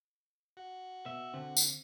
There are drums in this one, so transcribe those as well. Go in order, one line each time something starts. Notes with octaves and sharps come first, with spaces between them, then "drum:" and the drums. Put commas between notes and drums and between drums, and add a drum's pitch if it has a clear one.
F#4
B2 E5
D3 C4
drum: tambourine